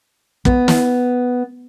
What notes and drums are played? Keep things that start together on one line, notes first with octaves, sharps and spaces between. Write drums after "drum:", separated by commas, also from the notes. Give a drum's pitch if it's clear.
B3, drum: kick
drum: snare